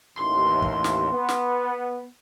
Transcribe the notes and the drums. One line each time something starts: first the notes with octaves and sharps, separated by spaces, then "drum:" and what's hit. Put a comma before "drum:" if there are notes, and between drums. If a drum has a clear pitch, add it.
A1 D#2 C6
drum: kick
drum: snare
B3
drum: snare